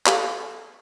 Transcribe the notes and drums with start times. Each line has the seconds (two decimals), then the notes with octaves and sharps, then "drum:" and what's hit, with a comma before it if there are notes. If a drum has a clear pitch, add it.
0.06 G4 A4 F5, drum: clap